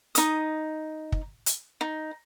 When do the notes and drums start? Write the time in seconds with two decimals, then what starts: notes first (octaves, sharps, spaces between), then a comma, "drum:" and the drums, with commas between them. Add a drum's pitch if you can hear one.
0.15 D#4 D#6, drum: hi-hat
1.12 drum: kick
1.46 drum: hi-hat
1.81 D#4